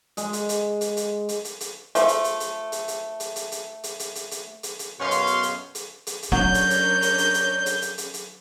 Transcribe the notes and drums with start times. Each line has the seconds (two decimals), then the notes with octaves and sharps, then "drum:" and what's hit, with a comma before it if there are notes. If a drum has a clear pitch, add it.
0.17 G#3, drum: hi-hat
0.33 drum: hi-hat
0.49 drum: hi-hat
0.81 drum: hi-hat
0.97 drum: hi-hat
1.29 drum: hi-hat
1.45 drum: hi-hat
1.60 drum: hi-hat
1.95 F3 A3, drum: hi-hat
2.08 drum: hi-hat
2.24 drum: hi-hat
2.40 drum: hi-hat
2.72 drum: hi-hat
2.88 drum: hi-hat
3.20 drum: hi-hat
3.36 drum: hi-hat
3.52 drum: hi-hat
3.84 drum: hi-hat
3.99 drum: hi-hat
4.15 drum: hi-hat
4.31 drum: hi-hat
4.63 drum: hi-hat
4.79 drum: hi-hat
5.00 F#2 B2 B3 C#4 F5 C6
5.11 drum: hi-hat
5.27 drum: hi-hat
5.43 drum: hi-hat
5.75 drum: hi-hat
6.07 drum: hi-hat
6.23 drum: hi-hat
6.32 F#3 C#4 D4 A#4 C#5 G6
6.54 drum: hi-hat
6.70 drum: hi-hat
7.02 drum: hi-hat
7.18 drum: hi-hat
7.34 drum: hi-hat
7.66 drum: hi-hat
7.82 drum: hi-hat
7.98 drum: hi-hat
8.14 drum: hi-hat